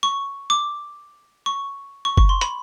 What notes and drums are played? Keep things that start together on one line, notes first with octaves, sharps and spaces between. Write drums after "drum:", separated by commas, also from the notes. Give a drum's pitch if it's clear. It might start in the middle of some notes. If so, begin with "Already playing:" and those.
C#6
D6
C#6
C#6
C#6, drum: kick F#1
C6
B5, drum: hi-hat